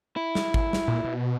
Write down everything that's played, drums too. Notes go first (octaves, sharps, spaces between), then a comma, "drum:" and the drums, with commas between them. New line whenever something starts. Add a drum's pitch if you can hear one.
E4
drum: snare
drum: kick G#1
drum: snare
A#2
B2